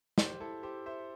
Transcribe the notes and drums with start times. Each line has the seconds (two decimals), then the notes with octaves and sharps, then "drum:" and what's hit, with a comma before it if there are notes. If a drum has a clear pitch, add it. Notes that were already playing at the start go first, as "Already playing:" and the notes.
0.18 G4 C5, drum: snare
0.40 E4 A4
0.63 G4 C5
0.86 C5 E5